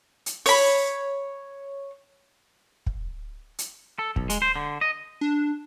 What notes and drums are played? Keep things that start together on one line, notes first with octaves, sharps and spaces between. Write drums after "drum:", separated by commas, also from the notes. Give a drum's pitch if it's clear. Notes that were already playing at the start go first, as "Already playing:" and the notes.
drum: hi-hat
C#5 B5, drum: open hi-hat
drum: kick
drum: hi-hat
A4
B1, drum: kick
G#3, drum: hi-hat
C5
D3
D#5
D4